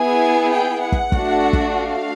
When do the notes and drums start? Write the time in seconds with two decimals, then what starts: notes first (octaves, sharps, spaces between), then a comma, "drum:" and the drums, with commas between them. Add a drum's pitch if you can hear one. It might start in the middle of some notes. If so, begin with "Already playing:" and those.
Already playing: B3 E4 G#4 G#5
0.52 G5
0.83 F#5
0.92 drum: kick
1.12 A3 D4 F#4, drum: kick
1.53 drum: kick
1.73 F5